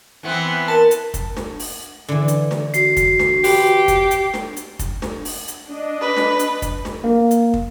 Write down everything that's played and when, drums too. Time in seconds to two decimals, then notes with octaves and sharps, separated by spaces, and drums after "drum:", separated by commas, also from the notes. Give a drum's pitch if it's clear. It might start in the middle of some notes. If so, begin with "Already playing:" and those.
0.23 E3 B3 C4
0.68 A#4 A5
0.91 drum: hi-hat
1.14 drum: kick, hi-hat
1.37 drum: snare
1.59 drum: open hi-hat
2.08 D3 E3
2.28 drum: hi-hat
2.51 drum: snare
2.74 F#4 C7, drum: hi-hat
2.97 drum: kick, hi-hat
3.19 drum: snare
3.44 G4 B4 C5, drum: open hi-hat
3.88 drum: kick, hi-hat
4.11 drum: hi-hat
4.34 drum: snare
4.57 drum: hi-hat
4.79 drum: kick, hi-hat
5.02 drum: snare
5.25 drum: open hi-hat
5.48 drum: hi-hat
5.67 D4 D#5
6.01 B4
6.16 drum: snare
6.39 drum: hi-hat
6.62 drum: kick, hi-hat
6.85 drum: snare
7.04 A#3
7.31 drum: hi-hat
7.54 drum: kick